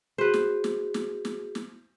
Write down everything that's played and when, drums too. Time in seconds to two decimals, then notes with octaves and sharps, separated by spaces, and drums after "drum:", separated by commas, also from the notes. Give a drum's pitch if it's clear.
0.18 F#4 G#4 B4 C5
0.34 drum: snare
0.64 drum: snare
0.94 drum: snare
1.25 drum: snare
1.55 drum: snare